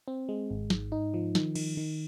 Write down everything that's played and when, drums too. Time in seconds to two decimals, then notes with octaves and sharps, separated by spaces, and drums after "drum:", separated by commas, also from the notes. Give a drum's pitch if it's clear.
0.08 C4
0.29 G#3
0.50 G#1
0.70 G#2, drum: snare
0.92 D#4
1.14 F3
1.35 D#3, drum: snare
1.55 D#3, drum: cymbal
1.77 D#3